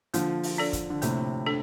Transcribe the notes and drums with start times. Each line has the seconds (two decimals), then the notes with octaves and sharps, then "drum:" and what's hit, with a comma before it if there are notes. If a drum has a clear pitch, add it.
0.14 D3 F3 A#3, drum: hi-hat
0.43 drum: open hi-hat
0.58 D4 A4 D5
0.73 drum: kick, hi-hat
0.90 D3
1.02 A2 C3 A#3, drum: hi-hat
1.46 D4 A4